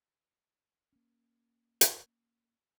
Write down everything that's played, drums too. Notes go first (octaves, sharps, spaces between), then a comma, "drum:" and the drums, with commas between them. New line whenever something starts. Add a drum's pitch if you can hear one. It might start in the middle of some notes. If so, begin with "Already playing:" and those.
A#3 C#4
drum: hi-hat